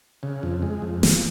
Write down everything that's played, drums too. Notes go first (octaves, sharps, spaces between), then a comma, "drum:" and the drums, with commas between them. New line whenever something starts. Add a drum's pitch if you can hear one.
C#3
F2
G#3
F2
F3, drum: snare